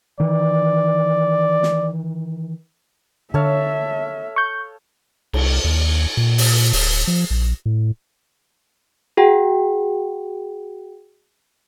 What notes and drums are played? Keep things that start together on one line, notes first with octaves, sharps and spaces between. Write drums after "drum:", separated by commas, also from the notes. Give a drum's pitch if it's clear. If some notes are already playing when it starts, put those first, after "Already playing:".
D#3 E3 D5
drum: snare
D3 A4 C#5 E5 F5
C#6 G6
C2, drum: cymbal
D#2
A#2
drum: open hi-hat
D1, drum: open hi-hat
F3
A#1
A2
F#4 G#4 F#5 G5